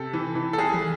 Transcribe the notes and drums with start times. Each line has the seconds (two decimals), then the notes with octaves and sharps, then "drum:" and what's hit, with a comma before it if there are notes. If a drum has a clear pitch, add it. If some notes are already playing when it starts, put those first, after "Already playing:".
Already playing: C3 A4
0.14 E3
0.35 E3
0.53 A4
0.58 C2 G#4
0.74 drum: tom